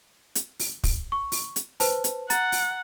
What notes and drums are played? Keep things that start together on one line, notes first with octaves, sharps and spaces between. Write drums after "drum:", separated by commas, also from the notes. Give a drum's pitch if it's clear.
drum: hi-hat
drum: open hi-hat
drum: kick, open hi-hat
C#6
drum: open hi-hat
drum: hi-hat
B4 C5 A5, drum: open hi-hat
drum: hi-hat
F#5 A#5 A6, drum: hi-hat
drum: open hi-hat